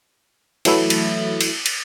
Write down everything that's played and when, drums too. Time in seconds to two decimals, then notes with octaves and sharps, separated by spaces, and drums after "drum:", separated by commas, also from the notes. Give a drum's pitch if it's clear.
0.65 E3 F#3 A3 E4, drum: cymbal
0.90 drum: cymbal
1.41 drum: cymbal
1.66 drum: cymbal